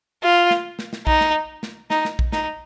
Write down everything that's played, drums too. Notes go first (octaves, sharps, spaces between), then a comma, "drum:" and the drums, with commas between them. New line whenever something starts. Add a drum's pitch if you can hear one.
F4
drum: snare
drum: snare
drum: snare
D#4, drum: kick A#1
drum: snare
drum: snare
D#4, drum: snare
drum: snare
drum: kick A#1
D#4, drum: snare